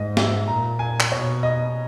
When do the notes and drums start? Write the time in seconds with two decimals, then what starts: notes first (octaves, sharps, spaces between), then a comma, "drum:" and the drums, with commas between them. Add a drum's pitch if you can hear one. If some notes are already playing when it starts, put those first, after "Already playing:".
Already playing: G#2 D#5
0.17 E5, drum: snare
0.48 A#2 A#5
0.79 G#5
1.00 drum: clap
1.11 B2 C#5
1.43 D#5